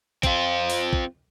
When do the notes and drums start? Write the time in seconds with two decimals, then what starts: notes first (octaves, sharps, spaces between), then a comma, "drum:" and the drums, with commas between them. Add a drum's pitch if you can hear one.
0.23 C4 F4, drum: kick, hi-hat
0.70 drum: open hi-hat
0.93 drum: kick